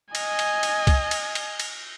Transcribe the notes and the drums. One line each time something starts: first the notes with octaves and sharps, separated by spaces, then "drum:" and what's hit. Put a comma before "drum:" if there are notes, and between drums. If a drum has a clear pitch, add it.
D#5 G#5, drum: cymbal
drum: cymbal
drum: cymbal
drum: kick, cymbal
drum: cymbal
drum: cymbal
drum: cymbal